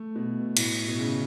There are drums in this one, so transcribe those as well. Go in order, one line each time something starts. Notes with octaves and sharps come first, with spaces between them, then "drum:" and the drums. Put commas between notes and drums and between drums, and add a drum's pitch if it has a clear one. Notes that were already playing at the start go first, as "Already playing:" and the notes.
Already playing: A3
B2
A2, drum: cymbal
B2
C#3